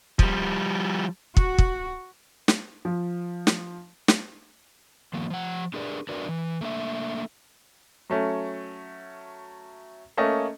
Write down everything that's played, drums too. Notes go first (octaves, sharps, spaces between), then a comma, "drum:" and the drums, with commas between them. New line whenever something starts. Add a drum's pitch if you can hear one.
F3 G3, drum: kick
F#4, drum: kick
drum: kick
drum: snare
F3
drum: snare
drum: snare
D#3 F3 A#3
F3 F#5
D4 G4 G#4 A#4 B4 D5
D4 F#4 A#4 B4 D5
E3
A3 A#3 D4 E5
F#3 A3 C#4
A3 A#3 C#4 D#5